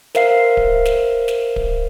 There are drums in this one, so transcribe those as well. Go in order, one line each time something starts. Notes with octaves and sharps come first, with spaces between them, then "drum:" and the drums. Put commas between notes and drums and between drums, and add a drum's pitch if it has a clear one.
A#4 C5 E5 F5 C7, drum: snare
drum: kick D1
drum: snare
drum: snare
drum: kick D1